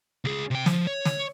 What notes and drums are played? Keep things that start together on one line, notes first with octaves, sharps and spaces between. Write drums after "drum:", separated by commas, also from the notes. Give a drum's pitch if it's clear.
C#2 G#4
C3 G5
F3, drum: snare
C#5
drum: snare